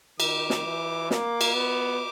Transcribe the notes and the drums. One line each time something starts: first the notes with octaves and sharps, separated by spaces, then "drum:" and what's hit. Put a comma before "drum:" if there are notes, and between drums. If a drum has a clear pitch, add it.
D#3 D6, drum: cymbal
drum: snare
E3
A#3 D6, drum: snare
drum: cymbal
B3